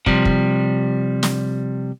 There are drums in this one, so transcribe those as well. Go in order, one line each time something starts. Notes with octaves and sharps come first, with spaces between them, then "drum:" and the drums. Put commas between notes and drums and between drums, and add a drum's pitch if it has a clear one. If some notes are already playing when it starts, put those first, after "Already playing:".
C3 F3 G3, drum: kick
drum: kick
drum: snare